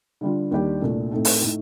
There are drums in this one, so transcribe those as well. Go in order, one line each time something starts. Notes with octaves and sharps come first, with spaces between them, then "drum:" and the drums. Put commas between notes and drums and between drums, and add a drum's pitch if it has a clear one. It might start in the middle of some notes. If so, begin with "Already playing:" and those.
D3 G3 D4 F4
D#2 D#3 G3 D4 G4
C2 A#2 A3 D4
A2 A3 C4 D#4 A4
drum: open hi-hat
A2 A3 D#4